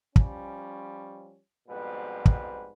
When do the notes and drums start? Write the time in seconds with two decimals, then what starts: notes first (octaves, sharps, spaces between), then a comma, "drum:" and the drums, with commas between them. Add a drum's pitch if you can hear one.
0.16 F3 G3 C#4, drum: kick
1.68 F2 G#2 B2 G3 B4
2.26 drum: kick